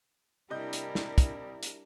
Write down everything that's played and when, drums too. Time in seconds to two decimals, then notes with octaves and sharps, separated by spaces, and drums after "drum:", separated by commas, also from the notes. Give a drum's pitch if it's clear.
0.50 C3 G3 D4 E4 A#4 D#5 G6
0.73 drum: hi-hat
0.95 drum: snare
1.18 drum: kick, hi-hat
1.63 drum: hi-hat